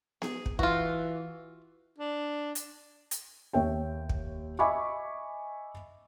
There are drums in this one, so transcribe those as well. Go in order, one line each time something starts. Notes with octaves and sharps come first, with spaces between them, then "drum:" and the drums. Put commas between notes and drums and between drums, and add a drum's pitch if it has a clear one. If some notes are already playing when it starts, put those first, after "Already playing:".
G#4, drum: snare B3
drum: kick
E3 F4 F#4, drum: kick
D4
drum: hi-hat
drum: hi-hat
D#2 C#5 E5 G5
drum: kick
D#5 E5 G#5 B5 C#6 D6